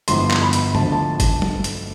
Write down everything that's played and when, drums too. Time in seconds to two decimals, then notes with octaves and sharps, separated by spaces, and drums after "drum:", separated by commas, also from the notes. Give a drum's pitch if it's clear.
0.08 G1 G2 F3 B3 E4 C6, drum: hi-hat
0.31 drum: clap
0.42 B5
0.53 drum: hi-hat
0.75 D2 D3 F3 A5, drum: tom G2
0.92 A5
1.20 drum: kick, hi-hat
1.42 drum: tom F#3
1.64 drum: hi-hat